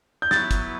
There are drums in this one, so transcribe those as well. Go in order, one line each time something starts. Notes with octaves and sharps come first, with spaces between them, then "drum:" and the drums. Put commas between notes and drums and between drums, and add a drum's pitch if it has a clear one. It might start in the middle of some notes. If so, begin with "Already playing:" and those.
G6
F#3 B3 E4 B4 A6, drum: snare
drum: kick, hi-hat